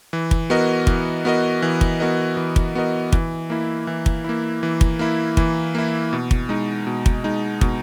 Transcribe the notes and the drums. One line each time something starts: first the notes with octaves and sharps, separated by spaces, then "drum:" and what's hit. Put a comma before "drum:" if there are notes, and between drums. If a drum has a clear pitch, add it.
E3
drum: kick
B3 F#4 A#4 D#5
E3, drum: kick
B3 F#4 A#4 D#5
E3
drum: kick
B3 F#4 A#4 D#5
E3
drum: kick
B3 F#4 A#4 D#5
E3, drum: kick
A#3 E4
E3
drum: kick
A#3 E4
E3
drum: kick
A#3 E4
E3, drum: kick
A#3 E4
B2
drum: kick
G#3 D#4
B2
drum: kick
G#3 D#4
B2, drum: kick